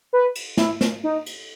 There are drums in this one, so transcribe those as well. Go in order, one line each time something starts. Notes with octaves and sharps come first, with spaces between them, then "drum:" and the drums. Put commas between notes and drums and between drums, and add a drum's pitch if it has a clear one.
B4
drum: cymbal
E4, drum: snare
drum: snare
D#4
drum: cymbal